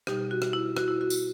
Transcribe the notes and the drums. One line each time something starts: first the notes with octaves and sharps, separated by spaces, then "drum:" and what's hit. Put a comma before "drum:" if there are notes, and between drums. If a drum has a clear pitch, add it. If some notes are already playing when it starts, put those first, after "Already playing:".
B2 G3 D#4 G4, drum: rim click
F#4
drum: rim click
E4
F#4, drum: rim click
E4
F#4
drum: tambourine